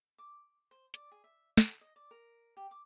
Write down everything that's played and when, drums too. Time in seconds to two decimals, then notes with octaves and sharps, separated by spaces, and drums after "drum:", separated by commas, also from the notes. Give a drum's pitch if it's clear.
0.18 D6
0.71 C5
0.94 D5, drum: hi-hat
1.12 G#4
1.24 E5
1.57 A4, drum: snare
1.81 D#5
1.96 D5
2.11 A#4
2.57 G4
2.71 D6